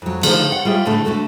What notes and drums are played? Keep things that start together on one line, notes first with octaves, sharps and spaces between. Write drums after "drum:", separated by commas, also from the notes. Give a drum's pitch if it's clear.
F2 F#3
D3 D#3 F3 A3 D4 G#4, drum: cymbal
F#5
G3 F4 G#4 E5
A2 D3 A3 D4
D3 A3 F#4 A4